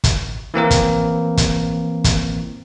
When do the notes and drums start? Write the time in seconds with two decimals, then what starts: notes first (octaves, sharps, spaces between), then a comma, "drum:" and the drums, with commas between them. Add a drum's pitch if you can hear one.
0.04 drum: kick, hi-hat
0.54 E3 A#3 C4 A#4
0.71 drum: kick, hi-hat
1.37 drum: kick, hi-hat
2.04 drum: kick, hi-hat